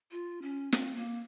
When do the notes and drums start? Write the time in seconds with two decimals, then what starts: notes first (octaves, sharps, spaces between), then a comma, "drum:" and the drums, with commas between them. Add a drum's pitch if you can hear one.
0.11 F4
0.42 C#4
0.72 C4, drum: snare
0.95 A#3